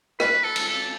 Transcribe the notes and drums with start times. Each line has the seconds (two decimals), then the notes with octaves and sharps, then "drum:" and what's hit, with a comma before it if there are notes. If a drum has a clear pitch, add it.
0.20 B4, drum: rim click
0.44 A4
0.56 drum: cymbal
0.68 A4